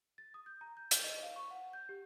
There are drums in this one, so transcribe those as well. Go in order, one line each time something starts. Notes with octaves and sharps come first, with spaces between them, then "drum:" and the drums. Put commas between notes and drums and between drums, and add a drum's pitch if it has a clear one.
A6
D#6
G6
A#5
G6
G6, drum: hi-hat
D#5
F5
C#6
F#5
G6
G4